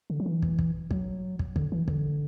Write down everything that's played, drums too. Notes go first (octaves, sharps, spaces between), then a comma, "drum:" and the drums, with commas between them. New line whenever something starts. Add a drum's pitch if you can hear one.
D3
F#3
E3
drum: kick
drum: kick
F#3, drum: kick
drum: kick
D3, drum: kick
E3
D3, drum: kick